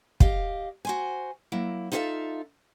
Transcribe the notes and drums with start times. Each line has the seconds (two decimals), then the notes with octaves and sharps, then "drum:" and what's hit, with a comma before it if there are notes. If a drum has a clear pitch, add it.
0.20 G4 D#5 F5, drum: kick
0.85 F#4 C5 G#5
1.52 F#3 A#3 E4
1.92 D#4 F4 A4 C#5 E5 F5